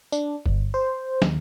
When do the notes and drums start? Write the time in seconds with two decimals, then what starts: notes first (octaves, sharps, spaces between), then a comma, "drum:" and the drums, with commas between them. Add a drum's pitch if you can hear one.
0.12 D4, drum: tambourine
0.46 G1, drum: kick F#1
0.74 C5
1.22 D#2, drum: snare